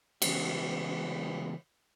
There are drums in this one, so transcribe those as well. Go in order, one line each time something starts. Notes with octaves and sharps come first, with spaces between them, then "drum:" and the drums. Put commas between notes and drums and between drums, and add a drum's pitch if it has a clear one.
C#3 E3 G#3 B3 F#4, drum: cymbal